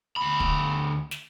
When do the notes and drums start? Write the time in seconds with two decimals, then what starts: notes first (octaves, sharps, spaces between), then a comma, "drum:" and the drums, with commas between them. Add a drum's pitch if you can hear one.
0.16 D2 B5
0.40 drum: kick
1.11 drum: snare